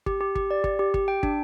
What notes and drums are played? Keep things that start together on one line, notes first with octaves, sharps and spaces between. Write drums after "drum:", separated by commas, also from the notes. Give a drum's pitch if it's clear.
G4, drum: kick
G4
G4, drum: kick
D5
G4, drum: kick
G4
G4, drum: kick
G5
D4, drum: kick